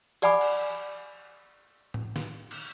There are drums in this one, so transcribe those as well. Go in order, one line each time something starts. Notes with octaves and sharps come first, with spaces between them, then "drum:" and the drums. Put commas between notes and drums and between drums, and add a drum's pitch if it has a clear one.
G4 D5 F#5 G#5 B5 D6, drum: hi-hat
drum: cymbal
drum: tom A2
drum: snare
drum: cymbal